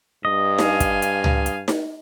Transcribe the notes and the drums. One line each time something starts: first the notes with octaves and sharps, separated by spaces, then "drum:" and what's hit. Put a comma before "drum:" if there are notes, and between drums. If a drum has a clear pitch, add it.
G2 D#5
F5 G#5, drum: snare D#4
drum: kick, hi-hat
drum: hi-hat
drum: tom C#2
drum: hi-hat
drum: snare D#4